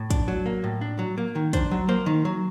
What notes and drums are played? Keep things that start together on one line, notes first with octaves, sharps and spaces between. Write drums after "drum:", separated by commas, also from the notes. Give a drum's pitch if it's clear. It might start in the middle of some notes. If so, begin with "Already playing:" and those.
Already playing: A2
D4, drum: kick, hi-hat
F#3
A#3
A2
D4
F#3
A#3
D#3
D4 C5, drum: kick, hi-hat
F#3
A#3 C5
D#3
F#3